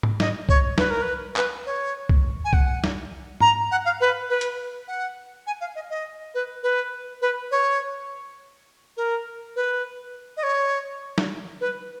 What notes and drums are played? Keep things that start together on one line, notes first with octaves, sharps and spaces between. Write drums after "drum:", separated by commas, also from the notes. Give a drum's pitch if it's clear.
drum: tom G#2
D#5, drum: snare
C#5, drum: kick C2
B4, drum: snare
A#4
B4
B4, drum: clap
C#5
drum: kick C2
G#5
F#5, drum: kick C2
drum: snare
A#5, drum: tom G#2
F#5
F5
B4
B4
drum: hi-hat
F#5
G#5
F5
D#5
D#5
B4
B4
B4
C#5
A#4
B4
D#5
C#5
drum: snare
B4